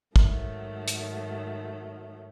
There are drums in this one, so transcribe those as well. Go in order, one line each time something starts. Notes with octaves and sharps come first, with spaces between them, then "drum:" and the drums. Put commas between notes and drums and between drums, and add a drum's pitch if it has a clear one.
G#2 D#3 F#3 A3, drum: kick
drum: hi-hat